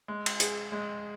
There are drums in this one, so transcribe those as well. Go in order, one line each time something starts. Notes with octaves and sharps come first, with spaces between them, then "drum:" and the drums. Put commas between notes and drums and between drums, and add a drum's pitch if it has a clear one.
G#3
drum: cymbal
G#4, drum: hi-hat
G#3